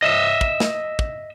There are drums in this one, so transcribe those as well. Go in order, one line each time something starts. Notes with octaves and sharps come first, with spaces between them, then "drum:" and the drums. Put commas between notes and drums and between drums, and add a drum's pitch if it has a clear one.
D#5 E5
drum: kick
drum: snare
drum: kick